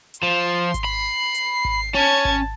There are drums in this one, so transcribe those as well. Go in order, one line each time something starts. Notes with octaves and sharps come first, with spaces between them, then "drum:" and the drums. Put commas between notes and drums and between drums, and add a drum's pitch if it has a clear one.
drum: hi-hat
F3 C6
drum: kick G#1, hi-hat
B5 C7
drum: hi-hat
drum: kick G#1
C#4 A5 G#6
drum: kick G#1